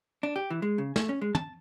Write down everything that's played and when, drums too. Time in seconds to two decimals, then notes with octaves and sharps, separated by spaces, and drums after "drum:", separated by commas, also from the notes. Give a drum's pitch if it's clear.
0.23 D4
0.36 G4
0.50 E3
0.62 G#3
0.78 C#3
0.96 A3, drum: snare
1.09 C#4
1.22 G#3
1.35 A5, drum: tom